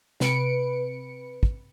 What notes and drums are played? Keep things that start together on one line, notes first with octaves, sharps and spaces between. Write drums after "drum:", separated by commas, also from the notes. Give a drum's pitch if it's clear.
C3 B4 C#7 D7, drum: snare
drum: kick